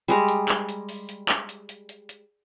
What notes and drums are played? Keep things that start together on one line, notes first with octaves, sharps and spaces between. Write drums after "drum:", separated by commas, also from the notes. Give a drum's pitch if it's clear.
G3 G#3 A#5
drum: hi-hat
drum: clap
drum: hi-hat
drum: open hi-hat
drum: hi-hat
drum: clap
drum: hi-hat
drum: hi-hat
drum: hi-hat
drum: hi-hat